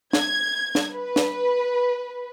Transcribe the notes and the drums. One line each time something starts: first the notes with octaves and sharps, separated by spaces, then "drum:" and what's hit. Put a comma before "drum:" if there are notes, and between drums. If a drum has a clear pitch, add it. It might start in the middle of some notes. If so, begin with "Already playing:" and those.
G#6, drum: snare
drum: snare
B4
drum: snare